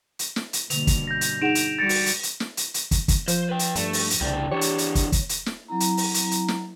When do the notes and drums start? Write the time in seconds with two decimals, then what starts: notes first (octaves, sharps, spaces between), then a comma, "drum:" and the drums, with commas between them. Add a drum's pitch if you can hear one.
0.19 drum: hi-hat
0.36 drum: snare
0.53 drum: hi-hat
0.70 G2 B2 D3 A#3 F7, drum: hi-hat
0.87 drum: kick, hi-hat
1.07 G6 A#6
1.21 drum: hi-hat
1.41 D#4 G#4 F#5 D7 E7 F7
1.55 drum: hi-hat
1.79 G3 F#4 A6 A#6 C#7 D7
1.89 drum: open hi-hat
2.06 drum: hi-hat
2.23 drum: hi-hat
2.40 drum: snare
2.57 drum: hi-hat
2.74 drum: hi-hat
2.91 drum: kick, hi-hat
3.08 drum: kick, hi-hat
3.28 F3 C5, drum: hi-hat
3.49 B4 G5
3.59 drum: hi-hat
3.75 G2 A3, drum: hi-hat
3.93 drum: open hi-hat
4.10 drum: hi-hat
4.21 C2 A2 C#3 D4 G5
4.51 E3 D4 G4 C#5
4.61 drum: hi-hat
4.78 drum: hi-hat
4.95 drum: kick, hi-hat
5.12 drum: kick, hi-hat
5.29 drum: hi-hat
5.46 drum: snare
5.68 F#3 C4 E4 A#5
5.80 drum: hi-hat
5.97 drum: open hi-hat
6.14 drum: hi-hat
6.31 drum: hi-hat
6.48 drum: snare